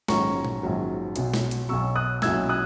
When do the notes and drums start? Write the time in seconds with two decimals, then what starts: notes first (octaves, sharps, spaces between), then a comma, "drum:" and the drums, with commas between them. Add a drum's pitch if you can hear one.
0.08 A#1 G#2 D#3 F#3 C#4 A#5 C#6, drum: snare
0.45 drum: tom A#2
0.62 A#1 G#2 D#3 F#3 C#4
1.16 B1 B2 F#3, drum: hi-hat
1.34 drum: snare
1.51 drum: hi-hat
1.69 B1 B2 F#3 C#6 E6
1.95 D#6 F#6
2.22 B1 A#2 F#3 C#4 E4 E6 G#6, drum: snare
2.49 D#6 F#6